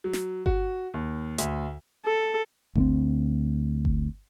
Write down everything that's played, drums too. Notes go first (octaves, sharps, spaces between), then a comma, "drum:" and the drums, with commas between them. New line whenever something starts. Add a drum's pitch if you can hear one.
F#3
drum: snare
F#4, drum: kick G1
D#2
D2, drum: hi-hat
A4
D2 A3 C4, drum: kick G1
drum: kick G1